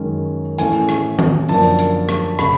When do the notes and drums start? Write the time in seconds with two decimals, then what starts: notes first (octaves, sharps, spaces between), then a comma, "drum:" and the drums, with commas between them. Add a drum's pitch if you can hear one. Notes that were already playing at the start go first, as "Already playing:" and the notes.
Already playing: F#2 D#3 G#3 C#4
0.58 A2 E3 A3 C#4 G#5, drum: hi-hat
0.89 drum: rim click
1.19 drum: tom D#3
1.49 F#2 D3 F3 A#3 D4 A5, drum: open hi-hat
1.79 drum: hi-hat
2.09 drum: rim click
2.39 C#3 B5, drum: rim click